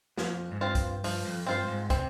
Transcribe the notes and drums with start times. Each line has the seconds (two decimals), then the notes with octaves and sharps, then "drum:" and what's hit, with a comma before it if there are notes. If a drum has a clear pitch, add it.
0.17 F2 F3, drum: snare
0.52 G#2
0.60 G2 C4 F4 C5
0.75 drum: kick, hi-hat
1.04 G2 F3, drum: open hi-hat
1.25 F2
1.47 G2 C4 F4 C5
1.64 G2
1.68 G#2
1.90 C3 C4, drum: kick, hi-hat